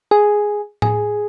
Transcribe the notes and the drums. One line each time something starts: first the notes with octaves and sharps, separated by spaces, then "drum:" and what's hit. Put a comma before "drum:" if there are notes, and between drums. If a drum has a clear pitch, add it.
G#4
G#4, drum: tom A2